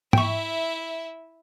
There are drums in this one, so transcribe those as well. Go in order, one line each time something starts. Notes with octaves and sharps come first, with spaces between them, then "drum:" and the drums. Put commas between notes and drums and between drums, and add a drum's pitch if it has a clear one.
E4 E5 G5 C#6, drum: tom G#2